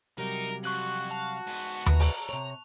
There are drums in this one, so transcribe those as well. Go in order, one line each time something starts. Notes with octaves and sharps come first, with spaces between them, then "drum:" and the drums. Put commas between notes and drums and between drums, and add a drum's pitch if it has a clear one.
C3 F#3 G3 D#4 A#4
F2 F#4 C#6 F#6 F#7
F5 A5
G#2 B3
B4 E5 A#5, drum: tom D#2
drum: open hi-hat
C3 C#5 F7